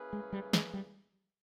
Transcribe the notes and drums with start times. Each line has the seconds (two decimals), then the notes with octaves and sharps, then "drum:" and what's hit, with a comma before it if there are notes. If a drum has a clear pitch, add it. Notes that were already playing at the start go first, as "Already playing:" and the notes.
Already playing: A#3 C#4 E4 G#4 B4
0.13 G#3
0.33 G3
0.53 G#3, drum: snare
0.74 G3